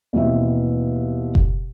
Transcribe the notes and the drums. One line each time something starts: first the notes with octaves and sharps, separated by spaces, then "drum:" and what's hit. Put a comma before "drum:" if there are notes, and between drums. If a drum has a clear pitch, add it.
D#2 B2 E3 C4 E5
drum: kick F#1